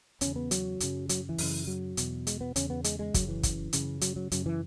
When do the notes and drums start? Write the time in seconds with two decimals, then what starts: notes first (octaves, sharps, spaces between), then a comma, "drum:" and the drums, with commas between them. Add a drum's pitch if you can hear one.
0.21 E2 C#3 C#4, drum: hi-hat
0.36 B3
0.51 F#3, drum: hi-hat
0.80 F#2 C#3, drum: hi-hat
1.09 F#3, drum: hi-hat
1.29 E3
1.38 F#2 C#3, drum: open hi-hat
1.67 F#3
1.97 E2 B2, drum: hi-hat
2.27 G#3, drum: hi-hat
2.41 B3
2.56 E2 C#3 C#4, drum: hi-hat
2.70 B3
2.84 G#3, drum: hi-hat
2.99 G#3
3.14 F#2 C#3 F#3, drum: kick, hi-hat
3.29 E3
3.43 drum: kick, hi-hat
3.73 F#2 C#3, drum: hi-hat
4.01 F#3, drum: hi-hat
4.16 F#3
4.32 F#2 C#3 F#3, drum: hi-hat
4.46 E3